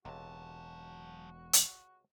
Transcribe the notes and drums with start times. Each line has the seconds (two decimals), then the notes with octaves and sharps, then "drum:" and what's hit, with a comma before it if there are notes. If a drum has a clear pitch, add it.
0.05 E1 C#2 C3 F#3 F#4 A5
1.53 drum: hi-hat